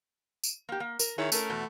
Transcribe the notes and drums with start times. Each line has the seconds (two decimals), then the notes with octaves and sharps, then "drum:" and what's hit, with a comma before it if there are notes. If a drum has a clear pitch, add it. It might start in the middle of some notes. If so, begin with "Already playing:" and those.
0.44 drum: tambourine
0.69 A#3 G4
0.80 A#3
0.99 A#4, drum: tambourine
1.18 D#3 E4 G#4 C#5
1.32 A3 C#4 A#4, drum: tambourine
1.50 E2 B2